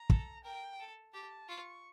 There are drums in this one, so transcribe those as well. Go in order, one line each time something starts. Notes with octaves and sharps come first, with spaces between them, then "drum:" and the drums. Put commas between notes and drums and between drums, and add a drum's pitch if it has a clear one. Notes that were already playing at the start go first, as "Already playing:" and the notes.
Already playing: A#5
A4, drum: kick
A#4 G5
A4
G4 A5
F4 C#6